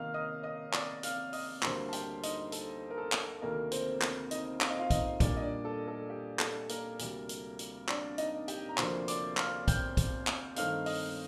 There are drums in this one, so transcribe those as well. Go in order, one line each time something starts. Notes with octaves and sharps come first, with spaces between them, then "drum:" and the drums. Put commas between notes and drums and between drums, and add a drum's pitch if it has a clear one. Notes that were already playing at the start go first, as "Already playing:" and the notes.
Already playing: C3 D#3 A#3 D#4 F5 F6
D#5 D#6
D#5 D#6
D5 D6, drum: clap
F5 F6, drum: hi-hat
D#5 D#6, drum: open hi-hat
D2 D3 G3 A#3 C5 C6, drum: clap
A5
G4 G5, drum: hi-hat
D#4 D#5, drum: hi-hat
A4, drum: hi-hat
A#4
A4
drum: clap
D2 C3 D#3 A3 A#3 A#4
C4 C5, drum: hi-hat
drum: clap
D#4 D#5, drum: hi-hat
F5, drum: clap
D#5
F4 F5
D#4 D#5, drum: kick B1, hi-hat
A#2 G3 A#3 D4 D5, drum: kick B1, hi-hat
D#5
D4 D5
A4
A4
G4
A4, drum: clap
A#3 A#4, drum: hi-hat
D2 C3 G3, drum: hi-hat
drum: hi-hat
drum: hi-hat
D4 D5, drum: clap
D#4 D#5, drum: hi-hat
G4 G5, drum: hi-hat
A#5
D2 C3 F3 A#3 D4 C5 C6, drum: clap
D5 D6, drum: hi-hat
F5 F6, drum: clap
G5 G6, drum: kick B1, hi-hat
drum: kick B1, hi-hat
drum: clap
G2 D#3 A3 C4 D#4 F5 F6, drum: hi-hat
D#5 D#6, drum: open hi-hat